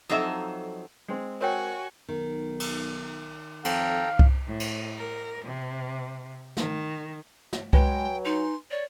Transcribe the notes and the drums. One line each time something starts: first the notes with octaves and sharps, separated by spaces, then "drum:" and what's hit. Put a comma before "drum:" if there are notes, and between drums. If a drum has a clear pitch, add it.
F2 F#3 D#4 A4 C5 E5
G#3 C4
F#4 A#4 C#5 G5 G#5 C#6
B1 D#3
drum: cymbal
F2 A4 F5 G5 A#5, drum: cymbal
drum: kick C2
A2
drum: cymbal
A#4
C3
D#3, drum: snare
drum: snare
F#3 G#3 B4 G5 G#5, drum: kick C2
D#4 C6
C#5 D5